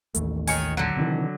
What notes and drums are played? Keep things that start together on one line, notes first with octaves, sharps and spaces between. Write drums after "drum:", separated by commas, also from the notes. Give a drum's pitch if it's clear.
A1 D#2 A3, drum: hi-hat
D#3 C#5 G#5, drum: open hi-hat
D3 F#3
C3 D#3 E3